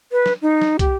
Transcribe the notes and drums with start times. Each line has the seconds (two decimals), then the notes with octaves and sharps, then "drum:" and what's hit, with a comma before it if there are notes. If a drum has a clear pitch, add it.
0.12 B4
0.26 drum: snare
0.42 D#4
0.61 drum: snare
0.79 G4, drum: kick, hi-hat